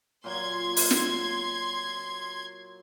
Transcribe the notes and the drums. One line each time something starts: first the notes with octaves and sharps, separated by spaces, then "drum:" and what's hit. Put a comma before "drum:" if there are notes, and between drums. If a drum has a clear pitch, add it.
A#2 F#3 A#3 C6 G#6
drum: open hi-hat
drum: snare